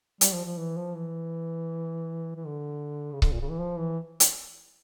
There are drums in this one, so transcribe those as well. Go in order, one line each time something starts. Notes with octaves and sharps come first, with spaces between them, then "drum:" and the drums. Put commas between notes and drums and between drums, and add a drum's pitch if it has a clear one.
G3, drum: hi-hat
F3
F3
E3
F3
E3
E3
D3
C#3
D3, drum: kick C#1
A#2
C#3
E3
F3
E3
drum: hi-hat